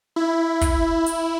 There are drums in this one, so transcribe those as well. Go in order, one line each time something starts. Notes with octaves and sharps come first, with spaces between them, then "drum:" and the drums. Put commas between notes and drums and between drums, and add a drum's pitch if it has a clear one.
E4
drum: kick, hi-hat
drum: hi-hat